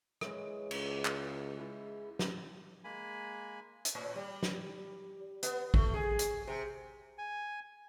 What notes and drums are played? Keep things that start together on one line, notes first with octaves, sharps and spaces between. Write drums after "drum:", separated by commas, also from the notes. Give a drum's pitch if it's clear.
E3 G#3 C#5, drum: rim click
C#2, drum: cymbal
drum: clap
G#3 E4
drum: snare
G#3 A#3 G#5 B5
drum: hi-hat
A2
G3
drum: snare
B3, drum: hi-hat
A3, drum: kick
G#4
drum: hi-hat
C3
G#5